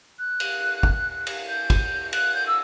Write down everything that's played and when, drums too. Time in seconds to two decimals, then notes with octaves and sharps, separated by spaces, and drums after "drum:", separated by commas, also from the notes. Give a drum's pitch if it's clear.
0.19 F#6
0.40 drum: cymbal
0.83 drum: kick
1.27 drum: cymbal
1.48 G6
1.70 drum: kick, cymbal
2.13 F#6, drum: cymbal
2.34 G6
2.47 E6